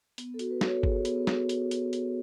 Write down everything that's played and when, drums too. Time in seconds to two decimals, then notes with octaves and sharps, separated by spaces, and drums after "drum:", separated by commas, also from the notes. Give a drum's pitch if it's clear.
0.18 B3, drum: hi-hat
0.34 A4
0.39 F#4, drum: hi-hat
0.51 B4
0.61 F#4, drum: snare
0.67 C#5
0.76 A4
0.83 F#4 G#4, drum: kick
1.05 B3, drum: hi-hat
1.27 F#4, drum: snare
1.49 B3, drum: hi-hat
1.71 B3, drum: hi-hat
1.93 B3, drum: hi-hat